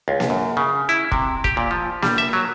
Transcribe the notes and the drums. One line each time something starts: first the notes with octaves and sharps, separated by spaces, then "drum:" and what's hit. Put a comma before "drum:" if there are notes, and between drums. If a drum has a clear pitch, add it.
C#2
drum: snare A#3
F#2
C#3
E4
C3, drum: kick
G4, drum: kick
A#2
F3
G3, drum: snare A#3
E5
F#3